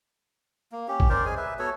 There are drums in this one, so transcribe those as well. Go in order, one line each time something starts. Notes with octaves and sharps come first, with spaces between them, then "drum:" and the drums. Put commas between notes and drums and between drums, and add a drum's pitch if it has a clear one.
A#3
C#4 G4
drum: kick G#1
C#4 A#4 C5 D5
G#3 G#4 G#5
B4 E5
B3 F#4 A4 C#5